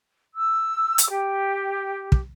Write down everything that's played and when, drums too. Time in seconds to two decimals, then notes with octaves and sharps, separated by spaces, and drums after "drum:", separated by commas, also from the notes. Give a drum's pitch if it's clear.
0.34 E6
0.98 drum: hi-hat
1.09 G4
2.12 drum: kick